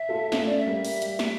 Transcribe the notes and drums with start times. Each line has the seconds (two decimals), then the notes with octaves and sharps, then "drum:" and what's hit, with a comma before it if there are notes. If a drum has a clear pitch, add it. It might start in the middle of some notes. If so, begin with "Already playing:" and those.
Already playing: E5
0.09 F4 A4
0.32 A3 C#4 E5, drum: snare
0.46 D5
0.59 E5
0.67 G3 A#3
0.85 drum: open hi-hat
1.02 G3, drum: hi-hat
1.19 drum: snare